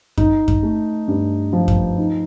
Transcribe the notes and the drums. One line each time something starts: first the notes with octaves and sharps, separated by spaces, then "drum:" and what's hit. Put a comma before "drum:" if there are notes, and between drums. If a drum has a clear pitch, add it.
D#4, drum: kick F#2
drum: kick F#2
A3
G2
F3
drum: kick F#2
D#4